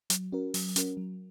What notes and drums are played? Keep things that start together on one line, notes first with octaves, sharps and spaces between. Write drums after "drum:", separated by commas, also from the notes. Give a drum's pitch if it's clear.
F#3, drum: hi-hat
C#4 F#4 A#4
F#3, drum: open hi-hat
C#4 F#4 A#4, drum: hi-hat
F#3